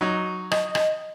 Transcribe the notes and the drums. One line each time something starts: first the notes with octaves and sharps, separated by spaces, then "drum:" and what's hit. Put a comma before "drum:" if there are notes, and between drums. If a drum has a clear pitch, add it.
F#3 D#4
D#5, drum: rim click
drum: rim click